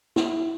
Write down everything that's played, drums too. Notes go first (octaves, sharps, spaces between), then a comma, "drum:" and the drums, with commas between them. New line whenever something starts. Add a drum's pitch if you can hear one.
E4, drum: snare